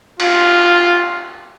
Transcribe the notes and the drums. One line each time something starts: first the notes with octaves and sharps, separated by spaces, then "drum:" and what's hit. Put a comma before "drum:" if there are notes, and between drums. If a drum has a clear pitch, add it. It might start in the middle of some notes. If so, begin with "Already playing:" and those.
F4, drum: cymbal